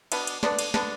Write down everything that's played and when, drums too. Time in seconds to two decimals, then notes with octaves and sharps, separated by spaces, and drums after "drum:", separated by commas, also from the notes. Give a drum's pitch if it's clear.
0.12 B2 B3 D4, drum: cymbal
0.27 drum: cymbal
0.43 D3 B3 D4 D5, drum: snare
0.59 drum: cymbal
0.74 D3 B3 D4, drum: snare